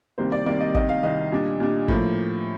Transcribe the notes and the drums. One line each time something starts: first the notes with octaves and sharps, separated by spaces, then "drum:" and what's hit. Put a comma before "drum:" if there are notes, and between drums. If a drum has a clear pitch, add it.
C2 C3 D#3 G3 A#3 C5
D5
C2 C3 D#3 G3 A#3 D5
D#5
C2 C3 D#3 D#5, drum: kick
F5
C2 C3 D#3 D#5
A#2 G3 D4
A#2 G3 D4
A2 F3 A#3, drum: kick